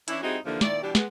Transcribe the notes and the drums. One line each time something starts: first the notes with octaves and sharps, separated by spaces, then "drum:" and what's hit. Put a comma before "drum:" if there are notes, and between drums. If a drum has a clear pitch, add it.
E3 C#4 D4 E4, drum: hi-hat
G3 C4 D#4 E4 F#4 G#4
D#2 D3 E3 F3 A#3 D4
A#2 D#3 E4 D5, drum: snare
B2 E3 G3 D4 G4
G#3 B3, drum: snare